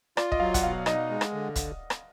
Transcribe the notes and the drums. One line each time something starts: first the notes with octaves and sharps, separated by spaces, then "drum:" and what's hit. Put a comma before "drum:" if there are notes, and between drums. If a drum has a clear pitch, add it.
F4 D5, drum: rim click
D#5, drum: kick
F#3 F5
F#5, drum: kick, hi-hat
B2 F5
D#4 D#5, drum: rim click
G#3
drum: rim click
D3
drum: kick, hi-hat
drum: rim click